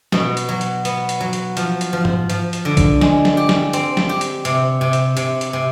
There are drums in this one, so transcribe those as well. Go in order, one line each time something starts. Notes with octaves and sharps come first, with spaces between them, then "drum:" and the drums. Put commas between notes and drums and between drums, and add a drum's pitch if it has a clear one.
B2, drum: snare
drum: hi-hat
F#3
drum: hi-hat
B3, drum: hi-hat
drum: hi-hat
F#3
drum: hi-hat
F3, drum: hi-hat
drum: hi-hat
F3
drum: tom
F3, drum: hi-hat
drum: hi-hat
D3
drum: kick B1, hi-hat
G#3, drum: snare
drum: snare
G4
drum: snare
C4, drum: hi-hat
drum: snare
G4
drum: hi-hat
C3, drum: hi-hat
C3
drum: hi-hat
C3, drum: hi-hat
drum: hi-hat
C3